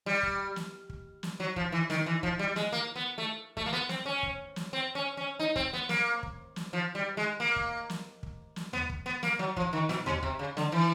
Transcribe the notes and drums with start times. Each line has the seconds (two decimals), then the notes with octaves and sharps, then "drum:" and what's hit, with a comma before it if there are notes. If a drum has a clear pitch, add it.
0.06 G3
0.23 drum: kick
0.56 drum: snare
0.90 drum: kick
1.23 drum: snare
1.40 F#3
1.56 F3, drum: kick
1.72 E3
1.90 D#3, drum: snare
2.06 E3
2.23 F3, drum: kick
2.39 G3
2.56 G#3, drum: snare
2.72 A#3
2.96 B3
3.18 A3
3.57 A3, drum: kick
3.66 A#3
3.73 B3
3.89 C4, drum: snare
4.06 C#4
4.23 drum: kick
4.56 drum: snare
4.73 C4
4.95 C#4
5.17 C#4
5.39 D#4
5.56 C4, drum: kick
5.73 B3
5.89 A#3, drum: snare
6.23 drum: kick
6.56 drum: snare
6.73 F3
6.95 G3
7.17 G#3
7.40 A#3
7.56 drum: kick
7.90 drum: snare
8.23 drum: kick
8.56 drum: snare
8.73 B3, drum: tom D#2
8.90 drum: kick
9.06 B3
9.23 A#3, drum: snare
9.39 F#3
9.57 F3, drum: kick
9.73 D#3
9.89 A#2, drum: snare
10.06 B2, drum: tom D#2
10.23 C3, drum: kick
10.39 C#3
10.57 D3, drum: snare
10.72 E3